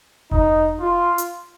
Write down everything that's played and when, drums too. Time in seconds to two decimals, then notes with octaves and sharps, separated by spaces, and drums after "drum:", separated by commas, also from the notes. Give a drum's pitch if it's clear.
0.31 D#4, drum: kick F1
0.80 F4
1.18 drum: hi-hat